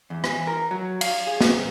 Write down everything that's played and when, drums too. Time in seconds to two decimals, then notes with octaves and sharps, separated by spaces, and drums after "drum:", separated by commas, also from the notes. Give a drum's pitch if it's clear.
0.10 E2
0.24 E3, drum: rim click
0.47 A#4
0.71 F#3
1.01 F5, drum: cymbal
1.27 G#4
1.41 drum: snare
1.51 A#2